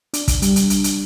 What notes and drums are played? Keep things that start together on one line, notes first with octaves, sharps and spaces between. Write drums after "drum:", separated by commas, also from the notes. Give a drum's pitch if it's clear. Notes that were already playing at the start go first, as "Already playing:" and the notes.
D4, drum: hi-hat
drum: kick, hi-hat
G3, drum: hi-hat
drum: hi-hat
drum: hi-hat
drum: hi-hat